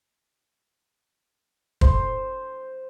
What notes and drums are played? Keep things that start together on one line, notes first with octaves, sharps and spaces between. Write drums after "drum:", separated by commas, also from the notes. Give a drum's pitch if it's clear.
C5, drum: kick